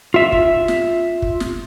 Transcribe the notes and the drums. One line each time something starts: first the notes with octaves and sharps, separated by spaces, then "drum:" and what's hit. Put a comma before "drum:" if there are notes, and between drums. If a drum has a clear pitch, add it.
F4 E5
drum: kick
drum: snare
drum: kick
drum: snare